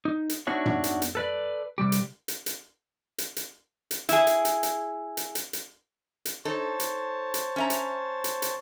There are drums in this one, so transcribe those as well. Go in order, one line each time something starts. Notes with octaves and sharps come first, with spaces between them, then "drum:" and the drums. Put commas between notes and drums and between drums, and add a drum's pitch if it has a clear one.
D#4
drum: hi-hat
B3 D4 D#4 F#4 C#5 E5
drum: tom
drum: hi-hat
drum: hi-hat
A4 B4 D5
C3 G3 G4
drum: hi-hat
drum: hi-hat
drum: hi-hat
drum: hi-hat
drum: hi-hat
drum: hi-hat
E4 G#4, drum: hi-hat
drum: hi-hat
drum: hi-hat
drum: hi-hat
drum: hi-hat
drum: hi-hat
drum: hi-hat
drum: hi-hat
D#4 A4 C5 C#5 A5
drum: hi-hat
drum: hi-hat
C#4 E5 A#5
drum: hi-hat
drum: hi-hat
drum: hi-hat